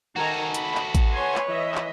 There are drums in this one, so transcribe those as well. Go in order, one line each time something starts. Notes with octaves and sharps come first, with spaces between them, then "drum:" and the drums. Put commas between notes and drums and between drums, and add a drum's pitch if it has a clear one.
D#3 F#4 A4 G#5 A#5
B5, drum: hi-hat
drum: clap
drum: kick A1, hi-hat
B4 C#5 G#5 C6
drum: clap
E3 D#5 E5
drum: clap